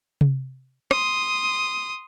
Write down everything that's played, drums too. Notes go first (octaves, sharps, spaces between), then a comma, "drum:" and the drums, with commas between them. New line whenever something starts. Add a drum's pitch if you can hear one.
drum: tom C3
C6 D#6, drum: rim click